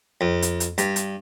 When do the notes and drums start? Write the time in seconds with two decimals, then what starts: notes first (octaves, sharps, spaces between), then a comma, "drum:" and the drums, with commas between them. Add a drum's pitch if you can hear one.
0.21 F2
0.42 drum: hi-hat
0.60 drum: hi-hat
0.78 G2, drum: hi-hat
0.96 drum: hi-hat